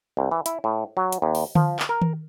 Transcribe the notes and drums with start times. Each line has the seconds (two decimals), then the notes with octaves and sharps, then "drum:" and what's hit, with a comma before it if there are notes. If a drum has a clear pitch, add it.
0.17 C2
0.31 E3
0.46 E4, drum: hi-hat
0.64 A2
0.97 F#3
1.12 drum: hi-hat
1.22 D#2
1.35 drum: open hi-hat
1.55 F3, drum: tom D3
1.79 drum: clap
1.89 A#4
2.02 drum: tom D#3